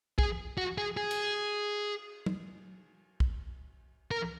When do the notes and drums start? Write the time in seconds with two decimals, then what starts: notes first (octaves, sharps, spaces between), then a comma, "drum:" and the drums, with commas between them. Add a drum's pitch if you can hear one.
0.19 G#4, drum: kick
0.58 F#4
0.78 G#4
0.97 G#4
1.11 drum: cymbal
2.26 drum: tom F#3
3.20 drum: kick
4.11 A#4